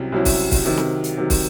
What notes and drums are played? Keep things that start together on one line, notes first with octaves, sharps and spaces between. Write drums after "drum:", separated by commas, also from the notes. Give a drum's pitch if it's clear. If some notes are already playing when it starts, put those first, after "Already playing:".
Already playing: C2 C3 F#3 C#4 E4
C2 C3 F#3 C#4 E4
drum: kick, open hi-hat
drum: kick, open hi-hat
C3 D#3 F#3
drum: snare
drum: hi-hat
C3 D#3 F#3
drum: kick, open hi-hat